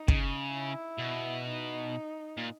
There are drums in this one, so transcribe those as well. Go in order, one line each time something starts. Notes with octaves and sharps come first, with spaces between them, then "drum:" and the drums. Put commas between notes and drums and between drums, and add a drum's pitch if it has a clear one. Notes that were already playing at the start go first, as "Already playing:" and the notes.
Already playing: D#4
C#3, drum: kick
E4
B2
D#4
A#2